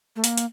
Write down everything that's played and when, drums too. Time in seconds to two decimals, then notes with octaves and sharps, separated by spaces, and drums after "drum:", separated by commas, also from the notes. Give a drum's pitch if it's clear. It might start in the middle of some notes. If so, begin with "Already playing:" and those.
0.16 A3
0.24 A#3, drum: hi-hat
0.38 drum: hi-hat